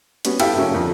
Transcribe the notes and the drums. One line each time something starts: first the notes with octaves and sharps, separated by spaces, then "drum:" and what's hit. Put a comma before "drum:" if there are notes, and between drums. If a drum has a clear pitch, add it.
G3 B3 C#4 F#4, drum: hi-hat
E4 G4 A4 E5 F5 G5, drum: cymbal
C#3 F#3 A#3 C#4
F2 D3